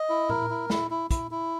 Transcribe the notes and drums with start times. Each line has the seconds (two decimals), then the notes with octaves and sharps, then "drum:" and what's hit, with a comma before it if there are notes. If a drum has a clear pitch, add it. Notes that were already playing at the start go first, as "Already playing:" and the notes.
Already playing: D#5
0.10 E4
0.29 A#4, drum: tom A2
0.50 E4
0.70 E4, drum: snare
0.91 E4
1.11 E4, drum: kick, hi-hat
1.31 E4